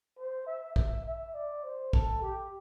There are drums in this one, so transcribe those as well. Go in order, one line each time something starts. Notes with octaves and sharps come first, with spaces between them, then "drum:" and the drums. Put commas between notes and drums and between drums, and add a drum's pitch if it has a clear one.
C5
E5
E5, drum: kick
E5
D5
C5
A4, drum: kick
G4